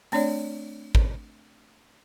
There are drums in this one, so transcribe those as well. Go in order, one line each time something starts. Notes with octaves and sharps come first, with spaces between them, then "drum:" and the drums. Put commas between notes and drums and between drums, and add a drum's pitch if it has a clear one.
A3 C4 D4 C#5 D5, drum: open hi-hat
drum: kick G#1